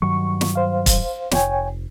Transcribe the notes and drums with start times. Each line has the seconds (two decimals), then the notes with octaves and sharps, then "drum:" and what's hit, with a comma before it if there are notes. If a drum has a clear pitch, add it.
0.02 G2 D#3 F#3 C#6
0.41 drum: snare
0.55 C5 F5
0.86 drum: kick, hi-hat
1.31 F1 C#5 G5 G#5, drum: snare